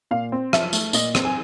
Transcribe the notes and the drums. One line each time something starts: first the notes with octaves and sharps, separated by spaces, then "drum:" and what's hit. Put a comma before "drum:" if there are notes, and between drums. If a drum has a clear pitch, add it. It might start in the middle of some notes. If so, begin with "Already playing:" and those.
A#2 F5
C4
F3 E5, drum: rim click
A3, drum: tambourine
A#2 D#5, drum: tambourine
C4, drum: rim click
G#5